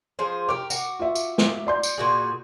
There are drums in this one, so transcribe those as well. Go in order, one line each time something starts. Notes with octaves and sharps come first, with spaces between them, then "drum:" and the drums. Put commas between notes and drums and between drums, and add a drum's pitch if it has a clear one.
F3 G#4 C5
G4 A#4 D6
F#4, drum: tambourine
F4 E5
drum: tambourine
drum: snare
D5 C6 G6
drum: tambourine
A#2 F#4 G#4